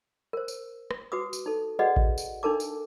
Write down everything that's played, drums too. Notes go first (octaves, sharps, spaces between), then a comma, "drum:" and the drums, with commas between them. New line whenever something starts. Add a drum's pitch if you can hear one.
A#4 C5
drum: tambourine
drum: rim click
F#4 B4 D6 D#6
drum: tambourine
D#4 A4
F#4 G#4 B4 D5 D#5 F#5
drum: kick A1
drum: tambourine
D4 D#4 A4 A#4 A5 D6
drum: tambourine